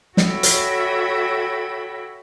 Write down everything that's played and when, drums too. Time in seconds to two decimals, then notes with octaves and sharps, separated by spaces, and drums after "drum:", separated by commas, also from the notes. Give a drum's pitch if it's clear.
0.17 F#4 A4 C#5 E5 G5 B5, drum: snare
0.43 drum: hi-hat